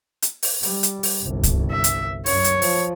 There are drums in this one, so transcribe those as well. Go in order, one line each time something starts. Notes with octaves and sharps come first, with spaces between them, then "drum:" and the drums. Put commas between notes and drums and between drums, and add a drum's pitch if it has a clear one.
drum: hi-hat
drum: open hi-hat
G3, drum: open hi-hat
drum: hi-hat
drum: open hi-hat
G1 C2
drum: kick C#2, hi-hat
E5
drum: hi-hat
F#2 C#5, drum: open hi-hat
drum: hi-hat
F3, drum: open hi-hat